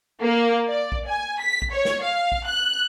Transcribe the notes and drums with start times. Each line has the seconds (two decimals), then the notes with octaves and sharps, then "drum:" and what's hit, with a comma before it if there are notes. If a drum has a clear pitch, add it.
0.21 A#3
0.69 D5
0.92 drum: kick A#1
1.08 G#5
1.41 B6
1.62 drum: kick A#1
1.73 C#5
1.85 drum: snare
2.04 F5
2.32 drum: kick A#1
2.48 F#6